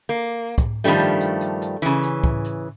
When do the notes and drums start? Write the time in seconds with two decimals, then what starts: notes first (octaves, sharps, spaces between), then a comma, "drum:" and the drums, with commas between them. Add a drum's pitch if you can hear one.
0.09 A#3
0.58 drum: kick, hi-hat
0.84 G2 D#3 F3 G3 A3
0.99 drum: hi-hat
1.20 drum: hi-hat
1.41 drum: hi-hat
1.61 drum: hi-hat
1.82 C#3 E3, drum: hi-hat
2.03 drum: hi-hat
2.24 drum: kick
2.44 drum: hi-hat